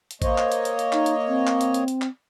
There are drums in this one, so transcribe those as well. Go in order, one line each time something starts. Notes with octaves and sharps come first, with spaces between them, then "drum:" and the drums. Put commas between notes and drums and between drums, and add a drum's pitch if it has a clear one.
drum: hi-hat
A#3 C5 C#5 D#5, drum: kick, hi-hat
drum: clap
drum: hi-hat
drum: hi-hat
drum: hi-hat
D#4, drum: clap
drum: hi-hat
C4
drum: clap
drum: hi-hat
drum: hi-hat
drum: hi-hat
drum: clap